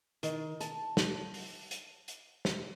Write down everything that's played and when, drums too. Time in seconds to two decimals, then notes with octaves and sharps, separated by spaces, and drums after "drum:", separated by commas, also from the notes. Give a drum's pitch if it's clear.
0.23 D#3, drum: hi-hat
0.61 A5, drum: hi-hat
0.97 drum: snare
1.34 drum: open hi-hat
1.71 drum: hi-hat
2.08 drum: hi-hat
2.45 drum: snare